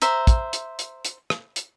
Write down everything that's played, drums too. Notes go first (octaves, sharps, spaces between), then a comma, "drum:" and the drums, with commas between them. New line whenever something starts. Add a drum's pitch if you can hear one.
C5 E5 A#5, drum: hi-hat
drum: kick, hi-hat
drum: hi-hat
drum: hi-hat
drum: hi-hat
drum: rim click
drum: hi-hat